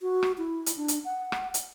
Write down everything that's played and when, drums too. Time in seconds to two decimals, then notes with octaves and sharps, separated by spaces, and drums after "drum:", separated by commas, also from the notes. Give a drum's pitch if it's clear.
0.01 F#4
0.23 drum: rim click
0.38 E4
0.66 drum: hi-hat
0.77 D4
0.88 drum: hi-hat
1.05 F#5
1.32 drum: rim click
1.54 drum: hi-hat